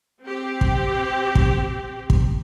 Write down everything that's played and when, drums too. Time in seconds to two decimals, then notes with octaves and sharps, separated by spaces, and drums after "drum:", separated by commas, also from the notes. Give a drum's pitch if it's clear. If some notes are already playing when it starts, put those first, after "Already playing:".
0.24 C4 G4
0.61 drum: kick
1.35 drum: kick
2.10 drum: kick